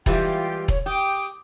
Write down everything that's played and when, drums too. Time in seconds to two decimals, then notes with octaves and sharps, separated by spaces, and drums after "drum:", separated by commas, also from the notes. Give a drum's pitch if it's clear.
0.06 E3 G3 G#3 F4 G4 G5, drum: kick E1
0.68 C#5, drum: kick E1
0.86 G4 G5 D6 D#6